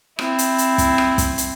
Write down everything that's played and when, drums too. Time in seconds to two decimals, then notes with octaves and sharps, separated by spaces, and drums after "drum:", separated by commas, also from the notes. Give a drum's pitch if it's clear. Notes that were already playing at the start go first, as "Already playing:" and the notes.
0.19 C4 E4, drum: rim click
0.38 drum: hi-hat
0.58 drum: hi-hat
0.78 drum: kick, hi-hat
0.98 drum: rim click
1.18 drum: kick, hi-hat
1.38 drum: hi-hat